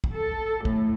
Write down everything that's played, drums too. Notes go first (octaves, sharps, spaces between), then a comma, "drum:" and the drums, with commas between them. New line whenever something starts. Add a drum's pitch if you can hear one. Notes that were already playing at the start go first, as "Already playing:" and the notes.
drum: kick
A4
A2, drum: kick